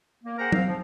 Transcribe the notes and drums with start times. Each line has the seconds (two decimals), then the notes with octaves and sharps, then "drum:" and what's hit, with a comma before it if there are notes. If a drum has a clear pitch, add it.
0.24 A#3
0.38 G#4 A#4 C5 F#5 G5 A#5
0.52 C4 F5, drum: tom
0.67 F3